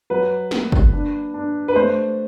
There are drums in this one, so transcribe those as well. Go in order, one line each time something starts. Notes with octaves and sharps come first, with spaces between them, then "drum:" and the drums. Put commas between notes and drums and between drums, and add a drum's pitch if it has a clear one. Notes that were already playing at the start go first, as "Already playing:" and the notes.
F#3 B4
A#3, drum: snare
drum: kick
D4
D4
B4
A3 C5